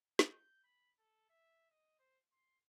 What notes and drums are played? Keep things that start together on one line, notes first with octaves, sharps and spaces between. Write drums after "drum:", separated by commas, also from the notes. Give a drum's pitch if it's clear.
G6, drum: snare
B5
A4
E5
D#5
C5
C6